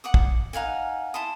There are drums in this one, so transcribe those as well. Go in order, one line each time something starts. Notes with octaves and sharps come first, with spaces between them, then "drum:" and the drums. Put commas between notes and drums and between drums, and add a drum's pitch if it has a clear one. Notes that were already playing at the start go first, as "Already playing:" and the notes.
F#5 D6 D#6
drum: kick
D#4 F5 F#5 G#5
E4 A5 C6 D#6